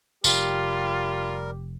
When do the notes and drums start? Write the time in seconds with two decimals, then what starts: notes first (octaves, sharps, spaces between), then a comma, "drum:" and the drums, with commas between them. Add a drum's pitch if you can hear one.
0.24 F1 G3 F4 G4 A#4, drum: tambourine